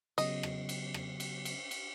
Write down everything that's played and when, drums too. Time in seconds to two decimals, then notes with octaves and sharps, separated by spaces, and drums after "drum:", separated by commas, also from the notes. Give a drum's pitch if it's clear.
0.18 C#3 F#3 B3 D#5, drum: cymbal
0.43 drum: rim click
0.69 drum: cymbal
0.94 drum: rim click
1.20 drum: cymbal
1.45 drum: cymbal
1.71 drum: cymbal